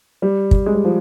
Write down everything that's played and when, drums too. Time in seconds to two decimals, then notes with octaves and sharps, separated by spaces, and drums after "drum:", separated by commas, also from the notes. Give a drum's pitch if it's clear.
0.22 G3
0.51 drum: kick
0.66 G#3
0.75 G3
0.85 F3